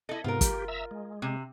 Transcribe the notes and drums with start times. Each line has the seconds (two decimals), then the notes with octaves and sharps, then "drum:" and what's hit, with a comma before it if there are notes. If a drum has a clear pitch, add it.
0.09 E4 A4 D#5
0.24 G#2 C3 B3 F4 A#4
0.41 G4, drum: kick, hi-hat
0.68 E5 A#5 E6
0.91 G#3
1.22 C3